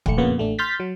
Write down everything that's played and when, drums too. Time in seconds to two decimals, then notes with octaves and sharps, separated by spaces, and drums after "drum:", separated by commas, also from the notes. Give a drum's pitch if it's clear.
0.06 A#1 D#2 A3 C#7, drum: kick C#1
0.17 F2 A#2 C#3 A#3 B3
0.38 A1 A3 D4
0.59 C6 F6 G6 A6 B6
0.80 F#3